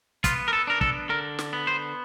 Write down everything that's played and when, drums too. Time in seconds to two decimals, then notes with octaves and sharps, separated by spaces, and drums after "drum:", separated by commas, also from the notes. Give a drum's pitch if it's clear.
0.24 B3 F4, drum: kick, hi-hat
0.48 A#4
0.53 A4
0.67 D4 A#4
0.81 A4, drum: kick
1.09 D3 A#4
1.39 drum: snare
1.53 B3
1.67 C5